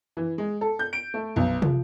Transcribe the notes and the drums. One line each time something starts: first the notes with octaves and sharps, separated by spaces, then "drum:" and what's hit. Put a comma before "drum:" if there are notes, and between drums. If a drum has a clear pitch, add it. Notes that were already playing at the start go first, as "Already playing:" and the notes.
E3
G#3
A4
G6
D7
A3
B1
F3, drum: tom